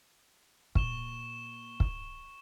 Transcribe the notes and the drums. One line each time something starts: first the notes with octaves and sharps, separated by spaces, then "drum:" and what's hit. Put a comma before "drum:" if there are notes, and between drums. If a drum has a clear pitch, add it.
A#2 C#6 E7 G7, drum: kick
drum: kick